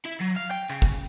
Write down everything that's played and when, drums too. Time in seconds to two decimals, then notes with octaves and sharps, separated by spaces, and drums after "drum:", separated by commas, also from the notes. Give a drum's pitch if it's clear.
0.06 E4
0.21 F#3
0.37 F5
0.51 G5
0.70 C#3
0.82 drum: kick